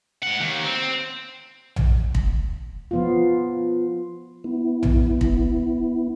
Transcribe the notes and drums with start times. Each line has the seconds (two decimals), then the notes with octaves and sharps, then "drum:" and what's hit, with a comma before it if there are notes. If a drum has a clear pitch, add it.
0.23 G#2 F#5
0.41 D#2
0.64 C4
1.76 drum: tom A#1
2.15 drum: kick
2.91 F3 B3 F4
4.44 B3 E4
4.83 drum: tom A#1
5.21 drum: kick